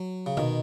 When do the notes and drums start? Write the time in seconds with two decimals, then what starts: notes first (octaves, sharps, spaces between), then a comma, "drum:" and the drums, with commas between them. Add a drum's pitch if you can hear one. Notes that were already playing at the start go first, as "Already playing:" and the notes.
Already playing: F#3
0.26 C#3
0.37 B2 D#3, drum: tom C3